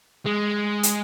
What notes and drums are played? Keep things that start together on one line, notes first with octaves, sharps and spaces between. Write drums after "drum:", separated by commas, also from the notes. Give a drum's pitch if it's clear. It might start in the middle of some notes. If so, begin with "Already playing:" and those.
G#3
drum: hi-hat